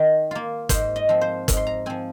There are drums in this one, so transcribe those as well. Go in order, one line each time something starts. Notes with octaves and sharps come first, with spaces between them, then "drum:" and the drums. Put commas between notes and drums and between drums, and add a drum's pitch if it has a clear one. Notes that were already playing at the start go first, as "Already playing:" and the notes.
Already playing: D#3
A#3 F4
G#2 C5, drum: kick, hi-hat
D#5
F3 C4
C5
G#2, drum: kick, hi-hat
C6
A#5
F3 C4 G#5